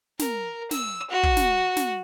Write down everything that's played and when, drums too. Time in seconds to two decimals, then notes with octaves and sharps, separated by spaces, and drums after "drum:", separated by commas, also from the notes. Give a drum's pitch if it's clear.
0.19 A#4, drum: snare
0.71 E6, drum: snare
1.10 F#4
1.23 drum: kick
1.37 drum: snare
1.77 drum: snare